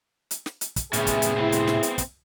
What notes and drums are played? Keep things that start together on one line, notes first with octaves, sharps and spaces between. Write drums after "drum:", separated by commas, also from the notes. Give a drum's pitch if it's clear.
drum: hi-hat
drum: snare
drum: hi-hat
drum: kick, hi-hat
A2 C3 B3 C#4 G#4 E5, drum: hi-hat
drum: kick, hi-hat
drum: hi-hat
B3 C4 E4 C5
drum: hi-hat
drum: snare
drum: hi-hat
drum: kick, hi-hat